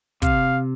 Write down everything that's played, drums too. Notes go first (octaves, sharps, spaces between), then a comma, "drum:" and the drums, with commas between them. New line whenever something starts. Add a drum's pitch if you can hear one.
C3 F5, drum: kick, hi-hat